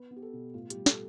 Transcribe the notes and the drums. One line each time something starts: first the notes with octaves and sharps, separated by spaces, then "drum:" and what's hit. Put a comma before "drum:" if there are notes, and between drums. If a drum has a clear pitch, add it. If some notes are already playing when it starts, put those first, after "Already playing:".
Already playing: B3 B4
B3
G4
A4
B2
A2 F4
G3 G4, drum: hi-hat
A4, drum: snare